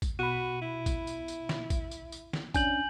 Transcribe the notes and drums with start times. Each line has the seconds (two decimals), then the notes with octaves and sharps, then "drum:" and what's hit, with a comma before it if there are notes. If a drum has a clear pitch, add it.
0.02 drum: kick A1, tambourine
0.19 B2 F#4 B5 D#7
0.62 E4
0.86 drum: kick A1, tambourine
1.07 drum: tambourine
1.28 drum: tambourine
1.49 drum: snare
1.70 drum: kick A1, tambourine
1.91 drum: tambourine
2.12 drum: tambourine
2.33 drum: snare
2.54 C#4 D4 G#5 G6 F#7, drum: kick A1, tambourine